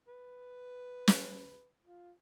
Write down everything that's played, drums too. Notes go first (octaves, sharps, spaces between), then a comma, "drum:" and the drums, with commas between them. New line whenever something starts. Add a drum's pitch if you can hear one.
B4
drum: snare
F4